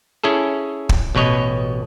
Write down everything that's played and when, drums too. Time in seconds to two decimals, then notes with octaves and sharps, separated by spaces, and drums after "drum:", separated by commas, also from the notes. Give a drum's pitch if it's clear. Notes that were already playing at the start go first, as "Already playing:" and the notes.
0.24 C#4 E4 G#4 A4
0.89 drum: kick
1.15 A1 B2 B4 C#5 D#5